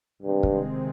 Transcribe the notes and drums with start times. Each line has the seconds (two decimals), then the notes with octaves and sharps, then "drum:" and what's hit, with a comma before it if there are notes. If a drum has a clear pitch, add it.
0.22 G2 C3 D#3 G#3 C4
0.43 drum: kick